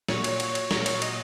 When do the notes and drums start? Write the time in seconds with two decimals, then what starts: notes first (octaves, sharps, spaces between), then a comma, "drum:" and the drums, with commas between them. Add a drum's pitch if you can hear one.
0.08 A#2 F#3 C#5, drum: snare
0.24 drum: cymbal
0.40 drum: cymbal
0.55 drum: cymbal
0.71 A#2 F#3 A#4, drum: snare
0.86 C#5, drum: cymbal
1.02 D#5, drum: cymbal